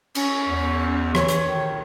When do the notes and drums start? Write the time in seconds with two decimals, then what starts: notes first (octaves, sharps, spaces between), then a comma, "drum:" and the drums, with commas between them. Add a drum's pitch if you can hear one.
0.15 C#4, drum: cymbal
0.48 E2
1.15 E3 C#5, drum: rim click
1.28 drum: hi-hat
1.44 D#3